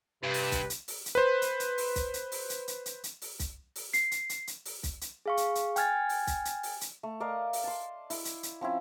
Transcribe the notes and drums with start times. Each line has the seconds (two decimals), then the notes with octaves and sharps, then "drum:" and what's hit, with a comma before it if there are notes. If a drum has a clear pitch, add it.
0.23 G2 C3 B4
0.34 drum: open hi-hat
0.52 drum: kick, hi-hat
0.70 drum: hi-hat
0.88 drum: open hi-hat
1.06 drum: hi-hat
1.15 B4 C5
1.42 drum: hi-hat
1.60 drum: hi-hat
1.78 drum: open hi-hat
1.96 drum: kick, hi-hat
2.14 drum: hi-hat
2.32 drum: open hi-hat
2.50 drum: hi-hat
2.68 drum: hi-hat
2.86 drum: hi-hat
3.04 drum: hi-hat
3.22 drum: open hi-hat
3.40 drum: kick, hi-hat
3.75 drum: open hi-hat
3.93 C7, drum: hi-hat
4.11 drum: hi-hat
4.29 drum: hi-hat
4.47 drum: hi-hat
4.65 drum: open hi-hat
4.83 drum: kick, hi-hat
5.01 drum: hi-hat
5.26 G#4 F5 C#6
5.37 drum: hi-hat
5.55 drum: hi-hat
5.76 G5 G#5 F6 G#6 A6, drum: hi-hat
6.09 drum: open hi-hat
6.27 drum: kick, hi-hat
6.45 drum: hi-hat
6.63 drum: open hi-hat
6.81 drum: hi-hat
7.03 A3
7.20 A#4 D5 D#5 F5
7.53 drum: open hi-hat
7.64 A5 C6
8.10 E4, drum: open hi-hat
8.25 drum: hi-hat
8.43 drum: hi-hat
8.61 F3 C4 C#4 E4